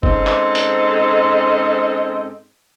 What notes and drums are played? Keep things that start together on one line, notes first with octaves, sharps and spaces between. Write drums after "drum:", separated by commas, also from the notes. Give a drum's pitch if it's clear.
G#2 C4 C#4 A4 D#5, drum: kick G1
drum: clap
drum: hi-hat